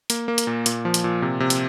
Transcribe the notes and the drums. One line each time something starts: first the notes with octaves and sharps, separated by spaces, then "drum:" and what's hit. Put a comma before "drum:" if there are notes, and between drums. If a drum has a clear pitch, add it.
A#3, drum: hi-hat
A#3
drum: hi-hat
A#2
A#2, drum: hi-hat
F3
drum: hi-hat
A#2
C3
C3
drum: hi-hat